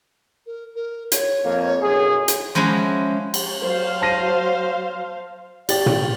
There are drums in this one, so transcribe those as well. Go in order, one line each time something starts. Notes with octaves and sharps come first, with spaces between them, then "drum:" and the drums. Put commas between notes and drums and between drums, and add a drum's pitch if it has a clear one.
A#4
A#4
C#5, drum: hi-hat
F2 A#3
B1 F#2 G#4
drum: hi-hat
F3 G#3 C#4 E4 F#4
drum: cymbal
F#3 C5 F5
A5 A#6 D#7
G4 D5 A6, drum: cymbal
drum: tom